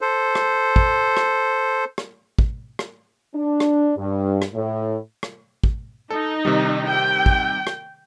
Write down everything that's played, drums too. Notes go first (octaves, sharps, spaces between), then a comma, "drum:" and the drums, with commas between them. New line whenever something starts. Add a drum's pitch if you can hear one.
A4 C5
drum: rim click
drum: kick
drum: rim click
drum: rim click
drum: kick
drum: rim click
D4
drum: rim click
G2
drum: rim click
A2
drum: rim click
drum: kick
D#4 A4
C3 D#3 G3
G5
drum: kick
drum: rim click